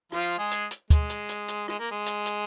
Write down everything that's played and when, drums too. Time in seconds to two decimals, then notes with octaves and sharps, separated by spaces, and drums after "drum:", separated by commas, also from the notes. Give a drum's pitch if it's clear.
0.12 F3 F4, drum: rim click
0.38 G#3 G#4
0.51 drum: hi-hat
0.71 drum: hi-hat
0.90 G#3, drum: kick, hi-hat
1.09 drum: hi-hat
1.29 drum: hi-hat
1.48 drum: hi-hat
1.68 G#3, drum: rim click
1.79 A#3
1.91 G#3
2.06 drum: hi-hat
2.26 drum: hi-hat